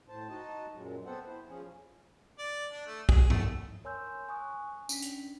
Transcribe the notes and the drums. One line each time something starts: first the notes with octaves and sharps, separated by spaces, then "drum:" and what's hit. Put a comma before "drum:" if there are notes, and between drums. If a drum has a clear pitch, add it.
A2 C5 A5
D#4 F#4 D#5 A5
F#2 A#2 F#3 G#3
B3 C4 A4 C5 F#5
E4 C5
F3 C#4 G#4
D5
D4
A3
G#4, drum: kick
A3, drum: tom G2
A#4 C#5 G#5 C6 E6 G6
G#5 C#6 D#6 F#6
C#4 D4 B6, drum: tambourine
drum: hi-hat